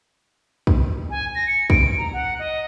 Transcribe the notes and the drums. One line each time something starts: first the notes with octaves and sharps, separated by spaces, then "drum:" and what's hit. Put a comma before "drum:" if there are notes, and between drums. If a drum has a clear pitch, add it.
drum: kick
G#5
A#6
C#7
D7, drum: kick
A#5
F#5
D#5